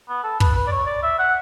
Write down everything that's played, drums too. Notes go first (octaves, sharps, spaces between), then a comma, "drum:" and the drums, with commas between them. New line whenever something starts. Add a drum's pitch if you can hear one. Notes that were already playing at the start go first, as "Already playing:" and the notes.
B3
A4
B4, drum: kick
B4
D5
C#5
D5
E5
F#5